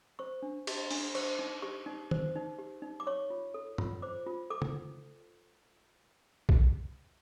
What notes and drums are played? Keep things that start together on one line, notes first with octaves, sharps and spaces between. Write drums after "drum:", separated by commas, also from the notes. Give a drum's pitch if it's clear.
C5 C#6
D4
G4, drum: cymbal
D4, drum: open hi-hat
C5 C#6, drum: cymbal
D#4
G4 C#6
D#4
C5, drum: tom D#3
D#4
G4
D#4
D6
C#5 C#6
F4
A4
F4, drum: tom
C5 D6
F4
A4 D6
drum: tom C#3
drum: kick A#1